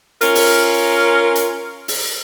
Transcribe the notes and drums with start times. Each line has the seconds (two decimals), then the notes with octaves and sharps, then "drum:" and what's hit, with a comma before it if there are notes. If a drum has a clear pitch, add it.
0.21 C#4 F4 A#4, drum: hi-hat
0.35 drum: open hi-hat
1.36 drum: hi-hat
1.88 drum: open hi-hat